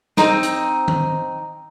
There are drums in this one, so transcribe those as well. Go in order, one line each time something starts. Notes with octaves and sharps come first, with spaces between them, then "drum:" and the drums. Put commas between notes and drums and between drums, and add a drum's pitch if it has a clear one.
C4 D#4, drum: snare
drum: hi-hat
drum: tom D#3